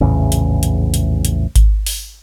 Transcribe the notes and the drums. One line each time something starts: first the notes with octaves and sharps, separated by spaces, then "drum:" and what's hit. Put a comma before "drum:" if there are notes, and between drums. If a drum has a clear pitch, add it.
A#1 E2 A2 C#3
drum: hi-hat
drum: hi-hat
drum: hi-hat
drum: hi-hat
drum: kick G#1, hi-hat
drum: open hi-hat